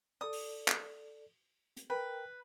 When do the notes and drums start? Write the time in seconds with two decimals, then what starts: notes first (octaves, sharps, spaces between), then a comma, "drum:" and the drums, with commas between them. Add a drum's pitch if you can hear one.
0.21 A4 D5 D#6
0.33 drum: open hi-hat
0.68 drum: clap
1.77 drum: hi-hat
1.90 A#4 B4 G5